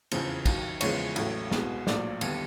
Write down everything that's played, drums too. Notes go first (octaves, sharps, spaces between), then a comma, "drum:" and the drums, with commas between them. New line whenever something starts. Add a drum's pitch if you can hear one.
F1 E2 C#3 F3 C5, drum: cymbal
D#2 D#3 F#3, drum: kick, cymbal
E2 C#3 F3 G#3 B3 C#5, drum: cymbal
A1 A2 F#3 A3, drum: cymbal
C2 B2 G#3 B3, drum: snare
A#1 A2 F#3 A#3 D5, drum: snare
D#2 D3 G3 B3, drum: cymbal